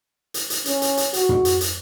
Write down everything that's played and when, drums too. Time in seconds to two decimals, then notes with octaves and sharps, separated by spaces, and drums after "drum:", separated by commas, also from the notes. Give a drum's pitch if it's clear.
0.34 drum: hi-hat
0.50 drum: hi-hat
0.65 C#4, drum: hi-hat
0.82 drum: hi-hat
0.97 drum: hi-hat
1.13 F#4, drum: hi-hat
1.29 drum: tom
1.45 drum: hi-hat
1.61 drum: hi-hat